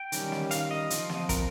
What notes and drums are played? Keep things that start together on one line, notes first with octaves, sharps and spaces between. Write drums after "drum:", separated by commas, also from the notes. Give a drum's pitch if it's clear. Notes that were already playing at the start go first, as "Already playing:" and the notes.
Already playing: G5
D#3 G3 C#4, drum: hi-hat
drum: snare
F5, drum: hi-hat
D#5
F3 C4 F4, drum: hi-hat
drum: snare
A#4, drum: kick, hi-hat